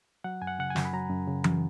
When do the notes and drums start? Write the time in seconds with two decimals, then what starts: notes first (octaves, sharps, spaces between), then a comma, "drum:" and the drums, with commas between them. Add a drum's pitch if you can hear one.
0.24 F#3 F#5
0.42 F#2 G#5
0.47 F#5
0.59 C#3 F#5
0.70 G#5
0.76 F#2, drum: snare
0.85 B5
0.93 F#3 A#5
1.10 F#2
1.27 C#3
1.44 F#2, drum: tom E3